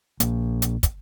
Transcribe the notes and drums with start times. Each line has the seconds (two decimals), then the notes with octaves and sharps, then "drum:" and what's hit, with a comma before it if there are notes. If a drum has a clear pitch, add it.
0.20 A#1 A#3, drum: hi-hat
0.62 drum: hi-hat
0.83 drum: kick, hi-hat